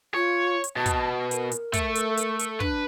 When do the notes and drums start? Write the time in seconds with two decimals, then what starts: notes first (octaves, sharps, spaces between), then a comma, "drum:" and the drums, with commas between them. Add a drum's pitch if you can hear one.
0.14 F4 C#5
0.64 drum: hi-hat
0.77 B2 A5
0.86 drum: kick, hi-hat
1.31 A#4, drum: hi-hat
1.52 drum: hi-hat
1.73 A3, drum: kick, hi-hat
1.95 drum: hi-hat
2.17 drum: hi-hat
2.39 drum: hi-hat
2.60 D4 B4, drum: kick